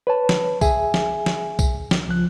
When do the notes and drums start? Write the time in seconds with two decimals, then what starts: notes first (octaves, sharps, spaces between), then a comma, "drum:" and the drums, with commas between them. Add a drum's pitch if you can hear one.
0.07 B4 C#5 A5
0.29 drum: snare
0.61 G#4 E5 G#5, drum: kick B1, tambourine
0.94 drum: snare
1.26 drum: snare
1.59 drum: kick B1, tambourine
1.91 drum: snare
2.07 C#2 F3 F#6